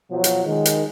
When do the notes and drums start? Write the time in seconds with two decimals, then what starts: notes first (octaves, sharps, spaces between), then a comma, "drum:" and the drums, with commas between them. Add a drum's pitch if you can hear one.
0.10 B2 F3 F#3
0.24 drum: hi-hat
0.45 D#3 G#3
0.65 drum: hi-hat